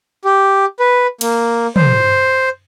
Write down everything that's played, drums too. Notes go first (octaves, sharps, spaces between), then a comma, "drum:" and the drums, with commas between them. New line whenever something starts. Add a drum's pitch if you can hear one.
G4
B4
A#3, drum: cymbal
C5, drum: tom